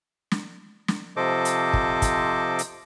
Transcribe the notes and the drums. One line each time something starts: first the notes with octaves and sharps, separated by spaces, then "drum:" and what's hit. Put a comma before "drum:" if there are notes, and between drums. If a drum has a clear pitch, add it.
drum: snare
drum: snare
C3 F3 A4 C5 D#5 D6
drum: hi-hat
drum: kick
drum: kick, hi-hat
drum: hi-hat